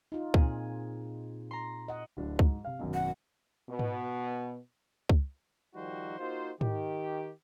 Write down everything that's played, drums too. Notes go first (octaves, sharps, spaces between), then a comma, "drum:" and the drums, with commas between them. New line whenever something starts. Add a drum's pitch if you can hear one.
D#4 F4
A#2 C4 G#4, drum: kick C#2
A#5 C6
D#5 F#5
D1 D4 F#4
G#2, drum: kick C#2
C3 F5
G#1 F#2 B2
F#5
B2 B3
drum: tom G#2
drum: kick C#2
D#3 F3 G3 D#4 F#4 C5
A#3 D#4 F4 F#4 C5
D#3 G4, drum: tom G#2